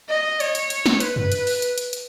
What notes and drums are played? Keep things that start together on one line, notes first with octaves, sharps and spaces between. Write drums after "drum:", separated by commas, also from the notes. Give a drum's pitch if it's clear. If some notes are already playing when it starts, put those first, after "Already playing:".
D#5
C#5, drum: hi-hat
drum: hi-hat
drum: hi-hat
drum: snare
B4, drum: hi-hat
drum: tom F#2
drum: hi-hat
drum: open hi-hat
drum: hi-hat
drum: hi-hat
drum: hi-hat